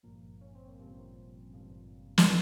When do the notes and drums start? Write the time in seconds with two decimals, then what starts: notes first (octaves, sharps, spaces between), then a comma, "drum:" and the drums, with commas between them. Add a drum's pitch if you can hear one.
0.03 G#1 G2 A#2 F3 A#3
0.41 C#4
0.55 C4
0.68 A#3
0.78 G#1 G2 C3 F3 C4
1.53 G#1 G2 F3
2.18 drum: snare